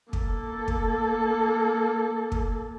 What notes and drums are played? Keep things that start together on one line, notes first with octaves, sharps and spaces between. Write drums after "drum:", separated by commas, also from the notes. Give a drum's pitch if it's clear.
A#3 A4, drum: kick
drum: kick
drum: kick